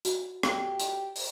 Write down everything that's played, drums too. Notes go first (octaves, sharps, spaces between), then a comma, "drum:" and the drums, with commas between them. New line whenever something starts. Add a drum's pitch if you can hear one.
F#4, drum: hi-hat
G4, drum: rim click
drum: hi-hat
drum: open hi-hat